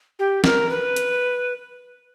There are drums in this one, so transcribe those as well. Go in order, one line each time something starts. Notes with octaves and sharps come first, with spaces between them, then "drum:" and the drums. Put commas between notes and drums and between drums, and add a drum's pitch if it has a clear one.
G4
A#4, drum: snare
B4
drum: hi-hat